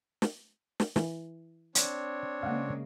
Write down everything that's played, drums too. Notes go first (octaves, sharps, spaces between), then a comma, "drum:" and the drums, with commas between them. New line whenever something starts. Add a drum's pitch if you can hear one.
drum: snare
drum: snare
E3, drum: snare
C4 D4 C#5, drum: hi-hat
C#3 G#3 A#3 F5 F#5